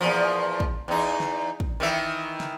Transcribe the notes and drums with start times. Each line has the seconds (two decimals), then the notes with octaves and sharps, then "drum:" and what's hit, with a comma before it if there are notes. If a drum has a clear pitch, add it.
0.01 E2 A#2 F3
0.60 drum: kick
0.88 E2 D#4
1.20 drum: snare
1.60 drum: kick
1.80 D#3 E3 E5
2.40 drum: snare